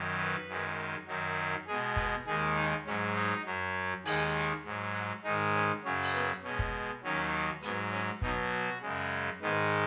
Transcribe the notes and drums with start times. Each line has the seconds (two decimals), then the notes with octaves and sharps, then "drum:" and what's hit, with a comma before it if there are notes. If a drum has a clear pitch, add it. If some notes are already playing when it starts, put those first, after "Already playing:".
Already playing: F#2 D#3 F#3
0.18 B4
0.48 F#2 D#3 G#3
1.08 F#2 D#3 F#3
1.67 B2 G#3 G#4
1.96 B4, drum: kick
2.27 D#2 D#3 G#3 G#4
2.56 D#4
2.86 G#2 F#3 C#4
3.15 D#4
3.46 F#2 F#3
4.05 D#2 D#3 G#3 G#4, drum: open hi-hat
4.39 drum: hi-hat
4.65 G#2 F#3
4.94 F#4
5.24 G#2 D#3 G#3 D#4
5.55 C#4
5.85 F#2 C#3 F#3 C#4
6.03 drum: open hi-hat
6.13 B3
6.43 B2 G#3 C#4
6.59 drum: kick
7.03 D#2 D#3 F#3 C#4
7.62 G#2 F#3 B3, drum: hi-hat
7.92 C#4
8.22 B2 F#3 D#4, drum: kick
8.52 F#4
8.82 F#2 C#3 G#3
9.41 G#2 D#3 G#3 B3